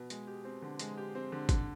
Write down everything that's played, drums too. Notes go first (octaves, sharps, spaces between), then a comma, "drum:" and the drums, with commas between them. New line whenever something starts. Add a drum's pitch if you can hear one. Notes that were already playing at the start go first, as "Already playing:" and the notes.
Already playing: B2
G#3, drum: hi-hat
G4
C4
D3
G#3, drum: hi-hat
G4
C4
D3
D3, drum: kick, hi-hat